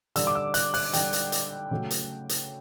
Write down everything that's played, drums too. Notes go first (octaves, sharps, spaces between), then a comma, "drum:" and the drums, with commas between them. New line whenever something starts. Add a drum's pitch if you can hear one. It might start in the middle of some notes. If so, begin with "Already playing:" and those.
D3 G3 E6, drum: hi-hat
D6
E6
F#6, drum: hi-hat
F#6, drum: open hi-hat
D3 G3 G5, drum: hi-hat
drum: hi-hat
drum: hi-hat
C#3 F#3 A3
drum: hi-hat
drum: hi-hat